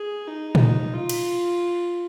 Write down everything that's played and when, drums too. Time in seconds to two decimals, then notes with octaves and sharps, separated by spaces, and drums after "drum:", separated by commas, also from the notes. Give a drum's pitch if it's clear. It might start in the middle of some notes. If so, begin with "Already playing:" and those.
Already playing: G#4
0.27 D#4
0.55 drum: tom A#2
0.93 F4
1.09 drum: cymbal